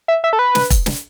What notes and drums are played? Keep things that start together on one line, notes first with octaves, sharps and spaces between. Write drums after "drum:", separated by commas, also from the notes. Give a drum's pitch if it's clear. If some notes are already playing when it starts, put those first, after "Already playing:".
E5
E5
A4
B4
drum: snare
drum: kick E1, hi-hat
drum: snare